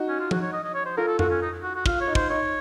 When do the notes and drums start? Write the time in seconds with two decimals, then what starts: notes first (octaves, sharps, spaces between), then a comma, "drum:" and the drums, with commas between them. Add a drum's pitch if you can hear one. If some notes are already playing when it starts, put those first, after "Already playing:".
Already playing: D#4 F#4
0.08 C#4
0.19 F4
0.31 F#4, drum: tom F3
0.42 C#5
0.53 D#5
0.64 D#5
0.74 C#5
0.86 C5
0.97 F4 A4 A#4
1.08 A4
1.19 F4 F#4 A4, drum: tom F2
1.30 C#4
1.42 D#4
1.63 F#4
1.75 F#4
1.86 F4 F5, drum: kick
2.01 C#5
2.07 D#4
2.15 C5, drum: kick
2.29 D#4 C#5